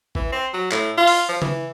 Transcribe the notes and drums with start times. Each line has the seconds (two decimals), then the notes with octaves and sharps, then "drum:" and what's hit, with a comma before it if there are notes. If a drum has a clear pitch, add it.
0.15 E3, drum: kick G#1
0.32 C4
0.53 F#3
0.72 A2, drum: clap
0.97 F4
1.07 drum: open hi-hat
1.28 F3
1.42 E3, drum: tom C#3